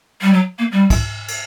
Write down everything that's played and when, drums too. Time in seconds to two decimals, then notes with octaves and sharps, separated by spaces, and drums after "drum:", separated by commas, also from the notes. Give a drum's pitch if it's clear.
0.22 G3
0.33 F#3
0.59 A#3
0.72 G3
0.90 drum: kick, cymbal
1.28 drum: cymbal